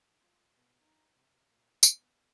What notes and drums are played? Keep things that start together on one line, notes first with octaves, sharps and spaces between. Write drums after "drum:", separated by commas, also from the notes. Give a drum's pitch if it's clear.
F4
B2
D#4
C3
A#2
B3, drum: tambourine